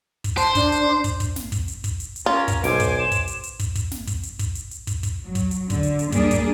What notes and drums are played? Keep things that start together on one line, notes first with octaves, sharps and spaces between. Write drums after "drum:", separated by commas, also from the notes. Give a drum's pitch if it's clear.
drum: kick, hi-hat
C5 A5, drum: hi-hat
D4, drum: kick, hi-hat
drum: hi-hat
drum: kick, hi-hat
drum: kick, hi-hat
drum: snare
drum: kick, hi-hat
drum: hi-hat
drum: kick, hi-hat
drum: hi-hat
drum: hi-hat
C#4 F4 A#4
drum: kick, hi-hat
B1 C5 G#5 D6 D7, drum: snare
drum: kick, hi-hat
E7
drum: kick, hi-hat
drum: hi-hat
drum: hi-hat
drum: kick, hi-hat
drum: kick, hi-hat
drum: snare
drum: kick, hi-hat
drum: hi-hat
drum: kick, hi-hat
drum: hi-hat
drum: hi-hat
drum: kick, hi-hat
drum: kick, hi-hat
F#3
drum: kick, hi-hat
drum: hi-hat
D3, drum: kick, hi-hat
drum: hi-hat
drum: hi-hat
G3 A#3 D4 G#4 D5, drum: kick, hi-hat
drum: kick, hi-hat